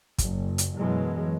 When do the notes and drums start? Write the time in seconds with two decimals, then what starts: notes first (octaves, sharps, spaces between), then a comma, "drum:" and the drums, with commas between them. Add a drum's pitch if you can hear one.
0.18 F#1, drum: kick, hi-hat
0.58 drum: hi-hat
0.77 F#2 B2 E3 F#3 G#3